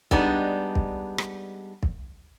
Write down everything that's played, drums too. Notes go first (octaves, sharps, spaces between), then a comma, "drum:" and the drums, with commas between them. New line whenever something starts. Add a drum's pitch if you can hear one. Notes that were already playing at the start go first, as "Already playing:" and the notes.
G3 G#3 B3 D4 D#4, drum: kick
drum: kick
drum: rim click
drum: kick